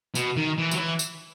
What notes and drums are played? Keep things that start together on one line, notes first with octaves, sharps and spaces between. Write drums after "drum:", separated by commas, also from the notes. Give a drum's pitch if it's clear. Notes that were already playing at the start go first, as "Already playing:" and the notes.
B2, drum: tambourine
D#3
E3
F#3, drum: tambourine
E3
drum: tambourine